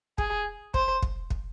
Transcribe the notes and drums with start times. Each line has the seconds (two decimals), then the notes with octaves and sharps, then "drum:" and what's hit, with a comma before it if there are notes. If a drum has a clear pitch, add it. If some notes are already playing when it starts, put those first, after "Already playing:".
0.18 G#4, drum: kick
0.74 C5, drum: kick
1.03 drum: kick
1.30 drum: kick